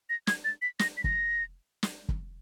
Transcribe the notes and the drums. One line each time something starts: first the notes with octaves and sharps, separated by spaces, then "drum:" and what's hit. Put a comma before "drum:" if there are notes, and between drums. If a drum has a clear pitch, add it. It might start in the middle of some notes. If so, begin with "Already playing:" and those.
A#6
G#6, drum: snare
A6
B6
A#6, drum: snare
B6
A#6, drum: kick
drum: snare
drum: kick